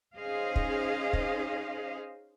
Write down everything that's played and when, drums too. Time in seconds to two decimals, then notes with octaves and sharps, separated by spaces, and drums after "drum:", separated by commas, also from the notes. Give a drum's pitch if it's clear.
0.17 C#4 D#4 G#4 C5 D#5 F5
0.56 drum: kick
1.13 drum: kick